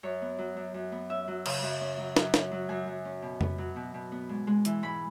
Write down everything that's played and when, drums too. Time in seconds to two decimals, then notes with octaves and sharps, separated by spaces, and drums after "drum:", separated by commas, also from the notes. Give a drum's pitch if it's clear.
0.03 F#2 C#5
0.22 B3
0.39 F#3
0.57 F#2
0.74 F#2
0.92 B3
1.09 C#4 E5
1.28 F#3
1.46 C#3, drum: cymbal
1.63 F#2
1.81 C#4
1.99 F#3
2.16 F#2, drum: snare
2.34 C#4, drum: snare
2.52 F#3
2.69 F#2 G#5
2.87 F#2
3.05 C#4
3.22 B2
3.41 B3, drum: tom F2
3.58 F#3
3.76 B2
3.94 B2
4.12 B3
4.29 G#2
4.47 G#3
4.65 E3, drum: hi-hat
4.83 G#2 B5